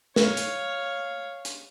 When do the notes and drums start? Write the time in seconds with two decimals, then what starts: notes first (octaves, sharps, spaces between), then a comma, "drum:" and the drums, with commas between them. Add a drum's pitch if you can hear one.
0.16 C#5 F5, drum: snare
0.37 drum: hi-hat
1.45 drum: hi-hat